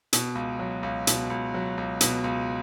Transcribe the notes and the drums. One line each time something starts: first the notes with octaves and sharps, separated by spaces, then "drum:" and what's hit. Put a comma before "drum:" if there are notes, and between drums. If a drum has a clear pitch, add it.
B2, drum: hi-hat
C#2
F#3
C#2
B2, drum: hi-hat
C#2
F#3
C#2
B2, drum: hi-hat
C#2